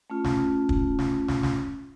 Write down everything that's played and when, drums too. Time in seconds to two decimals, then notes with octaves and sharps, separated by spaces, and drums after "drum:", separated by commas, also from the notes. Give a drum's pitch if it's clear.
0.10 A3 C#4 F4
0.24 drum: snare
0.69 drum: kick
0.99 drum: snare
1.28 drum: snare
1.43 drum: snare